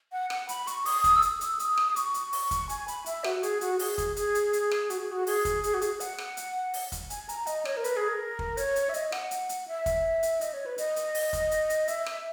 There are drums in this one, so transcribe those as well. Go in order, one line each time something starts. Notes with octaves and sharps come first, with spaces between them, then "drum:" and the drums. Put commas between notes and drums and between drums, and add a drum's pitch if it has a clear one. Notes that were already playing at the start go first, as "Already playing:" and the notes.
F#5
F#5, drum: rim click
B5, drum: hi-hat
C#6, drum: hi-hat
D#6, drum: open hi-hat
drum: kick, hi-hat
E6
D#6, drum: hi-hat
E6, drum: hi-hat
D#6, drum: hi-hat
drum: rim click
D#6
C#6, drum: hi-hat
drum: hi-hat
drum: open hi-hat
drum: kick, hi-hat
G#5, drum: hi-hat
B5, drum: hi-hat
E5, drum: hi-hat
F#4, drum: rim click
G#4, drum: hi-hat
F#4, drum: hi-hat
G#4, drum: open hi-hat
drum: kick, hi-hat
G#4, drum: hi-hat
drum: hi-hat
drum: hi-hat
drum: rim click
F#4, drum: hi-hat
G#4
F#4
G#4, drum: open hi-hat
drum: kick, hi-hat
G#4, drum: hi-hat
F#4
G#4, drum: hi-hat
F#5, drum: hi-hat
drum: rim click
drum: hi-hat
drum: open hi-hat
drum: kick, hi-hat
G#5, drum: hi-hat
A#5, drum: hi-hat
D#5, drum: hi-hat
C#5, drum: rim click
A#4
B4, drum: hi-hat
G#4
A#4
drum: kick
C#5, drum: hi-hat
drum: hi-hat
E5
D#5, drum: hi-hat
F#5, drum: rim click
drum: hi-hat
drum: hi-hat
E5
drum: kick, hi-hat
drum: hi-hat
D#5, drum: hi-hat
C#5
B4
D#5, drum: hi-hat
drum: hi-hat
drum: open hi-hat
drum: kick, hi-hat
drum: hi-hat
drum: hi-hat
E5, drum: hi-hat
drum: rim click